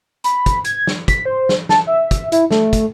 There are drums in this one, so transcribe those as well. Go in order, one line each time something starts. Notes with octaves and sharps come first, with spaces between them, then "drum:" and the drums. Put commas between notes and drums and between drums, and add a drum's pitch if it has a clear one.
B5, drum: hi-hat
drum: kick, hi-hat
G#6, drum: hi-hat
drum: snare
B6, drum: kick, hi-hat
C5
drum: snare
A5, drum: snare
E5
drum: kick, hi-hat
E4, drum: hi-hat
A3, drum: snare
drum: kick, hi-hat